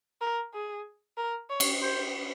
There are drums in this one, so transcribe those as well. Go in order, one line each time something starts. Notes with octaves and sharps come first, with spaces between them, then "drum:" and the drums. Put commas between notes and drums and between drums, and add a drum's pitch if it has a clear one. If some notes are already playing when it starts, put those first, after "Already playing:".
A#4
G#4
A#4
C#5
drum: cymbal
C5